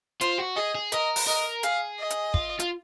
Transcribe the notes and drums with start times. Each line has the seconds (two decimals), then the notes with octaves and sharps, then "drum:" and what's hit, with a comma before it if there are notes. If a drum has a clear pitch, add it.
0.21 F4 C5, drum: hi-hat
0.39 F#4
0.56 G#4 D#5
0.75 G#4
0.92 A#4 D#5, drum: hi-hat
1.16 drum: open hi-hat
1.27 A#4 D#5
1.63 G#4 F5, drum: hi-hat
1.99 D#5
2.10 drum: hi-hat
2.34 F4, drum: kick
2.60 F4, drum: hi-hat